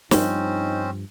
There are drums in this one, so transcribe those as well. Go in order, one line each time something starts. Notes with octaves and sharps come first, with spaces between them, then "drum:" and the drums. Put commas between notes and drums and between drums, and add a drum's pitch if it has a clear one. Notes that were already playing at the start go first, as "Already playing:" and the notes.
G2 F3 C4 C#4 D#4 C5, drum: snare